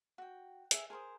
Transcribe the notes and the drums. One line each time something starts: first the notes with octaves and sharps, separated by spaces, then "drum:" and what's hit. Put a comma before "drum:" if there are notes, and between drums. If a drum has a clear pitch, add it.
F#4 G5
G#4 E5, drum: hi-hat
G#4 A#4 C5 D#6